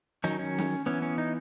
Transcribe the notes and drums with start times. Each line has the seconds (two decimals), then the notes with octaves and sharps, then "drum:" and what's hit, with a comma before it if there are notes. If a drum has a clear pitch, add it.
0.24 D#3 F#3 C#4 D#4, drum: hi-hat
0.39 C#4
0.58 drum: snare
0.86 E3 B3 C#4
1.02 C#4
1.18 D#4